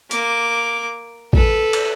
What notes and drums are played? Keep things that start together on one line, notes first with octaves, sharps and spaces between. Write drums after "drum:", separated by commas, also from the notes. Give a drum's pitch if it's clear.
A#3 D6, drum: hi-hat
A4 B4, drum: kick
drum: cymbal